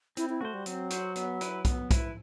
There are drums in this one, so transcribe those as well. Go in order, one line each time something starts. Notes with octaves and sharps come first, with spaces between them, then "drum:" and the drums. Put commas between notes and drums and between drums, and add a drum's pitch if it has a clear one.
C4 E4, drum: hi-hat
E4
A3 F#4 C5
G3
F#3 C4, drum: hi-hat
F#4 C5, drum: hi-hat
B3, drum: hi-hat
E4 B4, drum: hi-hat
B3, drum: kick, hi-hat
E4 B4, drum: kick, hi-hat